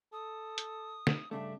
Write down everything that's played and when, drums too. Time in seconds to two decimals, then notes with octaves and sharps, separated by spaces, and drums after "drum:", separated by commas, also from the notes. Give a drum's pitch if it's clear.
0.13 A4 D#6
0.58 drum: hi-hat
1.07 drum: snare
1.31 G2 C#3 A3 D4 E5